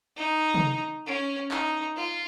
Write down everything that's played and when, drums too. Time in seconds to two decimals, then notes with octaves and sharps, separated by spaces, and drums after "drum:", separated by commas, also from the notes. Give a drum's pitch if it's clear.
0.17 D#4
0.54 drum: tom
1.06 C#4
1.51 D#4, drum: clap
1.96 F4